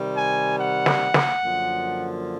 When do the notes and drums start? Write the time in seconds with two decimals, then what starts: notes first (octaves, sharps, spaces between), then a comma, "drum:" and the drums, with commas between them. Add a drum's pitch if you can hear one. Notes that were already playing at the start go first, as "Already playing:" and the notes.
Already playing: C3 D#3 G3
0.15 G#5
0.58 F#5
0.86 drum: snare
1.14 drum: snare
1.42 F#2 D3 F3 A#3